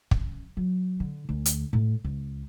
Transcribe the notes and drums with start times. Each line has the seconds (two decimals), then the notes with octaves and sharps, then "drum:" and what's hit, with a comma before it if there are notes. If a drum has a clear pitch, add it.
0.11 C#4, drum: kick
0.57 F#3
1.00 D3
1.29 D2
1.45 drum: hi-hat
1.73 A2
2.04 C#2